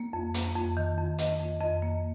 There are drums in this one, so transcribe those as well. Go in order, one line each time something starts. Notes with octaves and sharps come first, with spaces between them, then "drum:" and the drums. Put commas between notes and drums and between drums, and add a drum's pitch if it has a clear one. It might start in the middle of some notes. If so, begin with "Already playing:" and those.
Already playing: A#3
F2
A#3, drum: hi-hat
F2
D#3
F2
A#3 D#5, drum: hi-hat
F2
F2 D#5
A#3